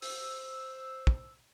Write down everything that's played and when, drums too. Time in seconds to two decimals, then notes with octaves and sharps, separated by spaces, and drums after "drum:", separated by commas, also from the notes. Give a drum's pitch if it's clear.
0.02 C5 E6, drum: open hi-hat
1.07 drum: kick